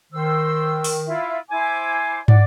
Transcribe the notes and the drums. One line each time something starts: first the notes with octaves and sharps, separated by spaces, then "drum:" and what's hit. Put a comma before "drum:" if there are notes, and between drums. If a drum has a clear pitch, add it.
D#3 C5 E6
drum: open hi-hat
E4 F4 E5
E4 C5 G#5 D6
D5 F#5, drum: tom